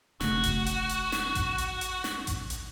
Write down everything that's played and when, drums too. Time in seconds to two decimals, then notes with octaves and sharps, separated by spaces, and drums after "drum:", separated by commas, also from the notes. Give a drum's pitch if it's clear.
0.21 F1 C#3 A3 F#4, drum: snare
0.43 drum: kick A1, hi-hat
0.66 drum: hi-hat
0.89 drum: hi-hat
1.12 drum: snare
1.35 drum: kick A1, hi-hat
1.58 drum: hi-hat
1.81 drum: hi-hat
2.04 drum: snare
2.27 drum: kick A1, hi-hat
2.50 drum: hi-hat